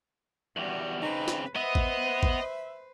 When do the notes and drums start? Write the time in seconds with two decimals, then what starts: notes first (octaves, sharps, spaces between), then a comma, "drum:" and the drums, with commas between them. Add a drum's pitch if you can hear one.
0.57 E2 G3 F#4
1.02 C#3 C4 D#4 B4
1.28 drum: snare
1.56 B3 B4 C5 D#5 E5
1.75 drum: kick
2.23 drum: kick